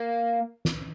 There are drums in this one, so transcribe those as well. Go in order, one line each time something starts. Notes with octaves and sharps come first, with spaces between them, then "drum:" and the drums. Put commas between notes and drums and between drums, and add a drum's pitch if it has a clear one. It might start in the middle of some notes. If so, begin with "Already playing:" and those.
Already playing: A#3
drum: snare